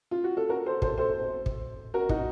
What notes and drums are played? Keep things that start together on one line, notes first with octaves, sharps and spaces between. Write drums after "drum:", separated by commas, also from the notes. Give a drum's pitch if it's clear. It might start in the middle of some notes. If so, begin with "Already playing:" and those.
F4
F#4
A4
F#4 A#4
A4 C5
A4 C5, drum: kick
A4 C5
drum: kick
F#4 A#4
D#4 F#4, drum: kick